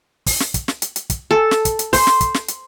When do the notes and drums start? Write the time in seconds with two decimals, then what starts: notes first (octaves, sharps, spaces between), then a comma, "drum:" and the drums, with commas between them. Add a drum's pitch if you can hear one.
0.26 drum: kick, open hi-hat
0.40 drum: snare
0.54 drum: kick, hi-hat
0.68 drum: snare
0.82 drum: hi-hat
0.96 drum: hi-hat
1.10 drum: kick, hi-hat
1.31 A4
1.51 drum: snare
1.65 drum: kick, hi-hat
1.79 drum: hi-hat
1.93 C5, drum: kick, open hi-hat
2.07 drum: snare
2.21 drum: kick, hi-hat
2.34 drum: snare
2.48 drum: hi-hat